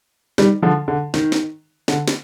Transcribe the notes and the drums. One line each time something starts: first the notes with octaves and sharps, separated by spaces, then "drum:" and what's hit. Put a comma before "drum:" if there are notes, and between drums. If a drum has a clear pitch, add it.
D#3 G3, drum: snare
D3 F3
D3
D#3, drum: snare
drum: snare
D3, drum: snare
drum: snare